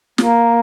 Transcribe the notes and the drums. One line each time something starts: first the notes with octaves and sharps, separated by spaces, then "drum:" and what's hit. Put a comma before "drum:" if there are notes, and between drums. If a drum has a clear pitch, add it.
A#3, drum: snare